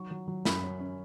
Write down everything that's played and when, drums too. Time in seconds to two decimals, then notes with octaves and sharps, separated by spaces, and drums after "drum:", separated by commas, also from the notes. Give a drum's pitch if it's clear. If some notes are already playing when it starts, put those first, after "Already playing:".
Already playing: D#3 F#3 C#6
0.11 F#3
0.28 F#3
0.45 F#2 B5, drum: snare
0.63 C#4
0.80 C#4